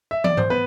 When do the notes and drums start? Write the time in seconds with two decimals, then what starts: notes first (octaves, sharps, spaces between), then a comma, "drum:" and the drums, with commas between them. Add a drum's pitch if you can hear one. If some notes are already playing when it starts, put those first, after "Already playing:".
0.11 E5
0.24 D5, drum: tom
0.37 C5, drum: tom G#2
0.50 B3 B4